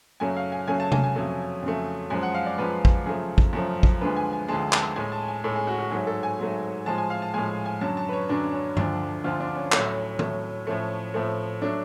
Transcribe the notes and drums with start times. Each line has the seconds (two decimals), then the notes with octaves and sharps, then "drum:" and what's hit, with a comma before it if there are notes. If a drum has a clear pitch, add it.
0.20 F#2 C#3 F#3 A3 G#5
0.37 F5
0.52 G#5
0.67 F#2 C#3 F#3 A3 G#5
0.80 A5
0.92 G#5, drum: tom C3
1.03 G#5
1.15 F2 C#3 F#3 A3
1.63 F2 C#3 F#3 A3
2.10 F#2 F3 G#3 G#5
2.23 F#5
2.35 F5
2.46 D5
2.58 F#2 F3 G#3 B4
2.85 drum: kick
3.06 F#2 C#3 F3 A3 G#4
3.38 drum: kick
3.53 F#2 C#3 F3 A3
3.83 drum: kick
4.01 D2 D3 F3 G#3 B4
4.16 G#5
4.33 G#5
4.48 D2 D3 F3 G#3 A5
4.73 A5, drum: clap
4.96 A2 G#3 G#5
5.12 A5
5.28 G#5
5.44 A2 G#3 A4
5.56 G#4
5.67 F#4
5.79 F#4
5.91 G#2 F#3 A3 G#4
6.07 A4
6.23 G#5
6.39 G#2 F#3 A3
6.86 A2 F3 G#3 A5
6.98 G#5
7.10 F5
7.22 A5
7.34 A2 F3 G#3 G#5
7.66 G#5
7.81 F#2 D3 F#3 A5
7.97 A5
8.09 B4
8.13 C#5
8.29 F#2 D3 F#3 D4
8.52 C#4
8.77 D2 D3 F3 D4, drum: tom G2
9.24 D2 D3 F3 F4
9.40 D4
9.55 C#4
9.72 A2 F#3 A3, drum: clap
10.19 A2 F#3 A3, drum: tom D#3
10.67 A2 F3 A3 C#4
11.14 A2 F3 A3
11.62 F#3 A3 D4